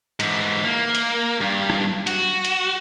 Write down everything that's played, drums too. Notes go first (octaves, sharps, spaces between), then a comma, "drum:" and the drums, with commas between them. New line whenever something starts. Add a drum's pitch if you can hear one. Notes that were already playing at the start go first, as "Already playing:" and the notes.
G#2 E3, drum: hi-hat
A#3
drum: hi-hat
G2
drum: rim click
F#4, drum: hi-hat
drum: hi-hat